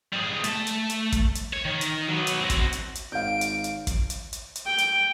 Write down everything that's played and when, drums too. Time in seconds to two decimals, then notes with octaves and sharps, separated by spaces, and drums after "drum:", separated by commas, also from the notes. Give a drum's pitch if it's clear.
0.13 G3 G#4
0.44 A3 A5, drum: hi-hat
0.67 drum: hi-hat
0.90 drum: hi-hat
1.12 drum: kick, hi-hat
1.35 drum: hi-hat
1.53 C#5
1.65 D#3
1.81 drum: hi-hat
2.09 F#3 B3
2.27 drum: hi-hat
2.40 C4 F#4
2.50 drum: kick, hi-hat
2.73 drum: hi-hat
2.95 drum: hi-hat
3.12 G#1 F5 G6 D7
3.41 drum: hi-hat
3.64 drum: hi-hat
3.87 drum: kick, hi-hat
4.10 drum: hi-hat
4.33 drum: hi-hat
4.56 drum: hi-hat
4.67 G5
4.78 drum: hi-hat